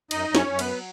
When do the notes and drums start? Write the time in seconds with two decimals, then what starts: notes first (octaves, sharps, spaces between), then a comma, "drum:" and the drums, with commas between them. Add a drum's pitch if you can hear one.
0.11 F#2 D#4 D#5, drum: cymbal
0.29 F#2
0.35 C#4 C#5, drum: snare
0.46 F#2
0.59 B3 B4, drum: cymbal
0.66 F#3